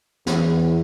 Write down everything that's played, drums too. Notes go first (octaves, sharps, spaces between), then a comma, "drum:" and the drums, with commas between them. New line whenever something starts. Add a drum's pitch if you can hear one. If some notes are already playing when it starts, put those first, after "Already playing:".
E2, drum: snare